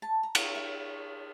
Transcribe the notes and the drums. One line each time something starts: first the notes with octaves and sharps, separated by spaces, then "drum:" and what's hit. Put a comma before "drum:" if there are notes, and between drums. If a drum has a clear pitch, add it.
A5
A#5
drum: cymbal
E5